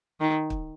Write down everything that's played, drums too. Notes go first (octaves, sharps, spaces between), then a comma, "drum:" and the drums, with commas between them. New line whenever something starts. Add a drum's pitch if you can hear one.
D#3
drum: kick